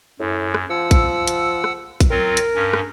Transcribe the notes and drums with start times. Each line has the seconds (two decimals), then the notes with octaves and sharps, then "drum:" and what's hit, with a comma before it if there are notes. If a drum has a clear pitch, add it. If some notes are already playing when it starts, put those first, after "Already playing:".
0.20 F#2 A2
0.54 drum: rim click
0.70 F3 F#5 E6
0.91 drum: kick A#1, hi-hat
1.27 drum: hi-hat
1.64 drum: rim click
2.00 drum: kick A#1, hi-hat
2.10 F#3 C4 F4 A#4
2.37 drum: hi-hat
2.55 G2 C#4
2.73 drum: rim click